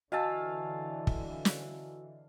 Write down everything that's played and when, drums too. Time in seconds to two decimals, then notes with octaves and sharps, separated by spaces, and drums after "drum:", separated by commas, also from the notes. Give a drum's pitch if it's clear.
0.12 D3 E3 F#4 D#5 F5 G#5 A5 E6
1.07 drum: kick
1.45 drum: snare